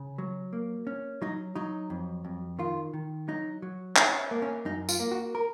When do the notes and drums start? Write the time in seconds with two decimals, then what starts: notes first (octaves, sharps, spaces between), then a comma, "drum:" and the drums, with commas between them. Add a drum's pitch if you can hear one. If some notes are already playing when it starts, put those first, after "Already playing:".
Already playing: C#3
0.18 F#3
0.53 A#3
0.87 C#4
1.22 F#3 D#4
1.56 F#3 D#4
1.90 F2
2.25 F2
2.59 D#3 F4
2.94 D#3
3.28 F#3 D#4
3.62 F#3
3.96 C#4 D#4, drum: clap
4.31 A#3
4.42 C#4
4.65 F#2 D#4
4.89 F4, drum: tambourine
5.00 A#3
5.11 F#4
5.35 A#4